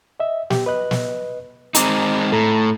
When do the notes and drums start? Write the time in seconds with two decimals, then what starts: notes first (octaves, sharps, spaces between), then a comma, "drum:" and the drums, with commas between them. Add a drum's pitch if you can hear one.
0.20 D#5 E5
0.50 G4, drum: snare
0.66 B4 D#5 F#6
0.91 drum: snare
1.75 G#3 C4 D#4 A#5 D6, drum: hi-hat
2.32 A2 A4 A#5